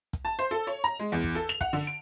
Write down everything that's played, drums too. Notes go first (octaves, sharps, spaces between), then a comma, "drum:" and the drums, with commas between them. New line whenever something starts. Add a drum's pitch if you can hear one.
drum: kick, hi-hat
A5
C5
A4
C#5
A#5
G#3
E2
drum: kick
A4
F7
F#5, drum: kick, hi-hat
D3
D7